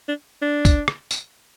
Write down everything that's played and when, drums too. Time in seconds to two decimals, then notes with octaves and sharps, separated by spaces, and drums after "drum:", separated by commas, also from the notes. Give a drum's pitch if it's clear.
0.08 D4
0.42 D4
0.65 drum: kick, tambourine
0.88 drum: rim click
1.11 drum: tambourine